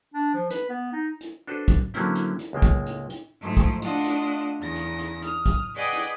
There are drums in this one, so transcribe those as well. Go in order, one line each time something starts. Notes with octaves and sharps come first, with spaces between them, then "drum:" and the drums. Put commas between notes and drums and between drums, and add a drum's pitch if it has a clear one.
D4
F3
B4, drum: hi-hat
B3
D#4
drum: hi-hat
D4 F#4 A4 B4 C5
drum: kick, hi-hat
D3 F#3 A#3 C4 C#4 E4, drum: hi-hat
drum: hi-hat
drum: hi-hat
C#2 G#3 A#3 G5
drum: kick, hi-hat
drum: hi-hat
drum: hi-hat
G#2 F3 A3
drum: kick, hi-hat
A3 D4 F4 D#5 F5 F#5, drum: hi-hat
drum: hi-hat
E2 C#3 A#6
drum: hi-hat
drum: hi-hat
D#6 F6, drum: hi-hat
drum: kick, hi-hat
G#4 B4 D5 D#5 F#5 G5
drum: hi-hat